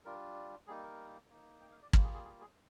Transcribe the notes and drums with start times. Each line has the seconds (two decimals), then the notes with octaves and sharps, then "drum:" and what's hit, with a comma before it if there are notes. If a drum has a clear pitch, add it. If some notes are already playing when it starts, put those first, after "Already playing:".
0.05 G3 D4 F4 A#4
0.67 G3 A#3 D#4 G#4
0.84 A#4
1.30 A#3 D#4
1.62 G5
1.72 F5
1.82 D5
1.93 G3 A#3 F4 C5, drum: kick
2.04 G#4
2.14 G#4
2.25 G#4
2.41 G#4